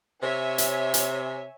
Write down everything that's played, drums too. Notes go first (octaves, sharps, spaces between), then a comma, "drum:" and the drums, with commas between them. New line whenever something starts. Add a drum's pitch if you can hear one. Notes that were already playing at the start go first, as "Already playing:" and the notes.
C3 C#5 E5 G#5
drum: hi-hat
drum: hi-hat